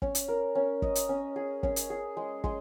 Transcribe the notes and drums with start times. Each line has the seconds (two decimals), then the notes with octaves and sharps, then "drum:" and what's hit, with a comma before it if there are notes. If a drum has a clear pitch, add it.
0.02 C#4, drum: kick
0.15 drum: hi-hat
0.28 A#4
0.55 C#4
0.82 D#5, drum: kick
0.95 drum: hi-hat
1.09 C#4
1.36 G#4
1.63 C#4, drum: kick
1.76 drum: hi-hat
1.90 G#4
2.17 G#3
2.44 G#3, drum: kick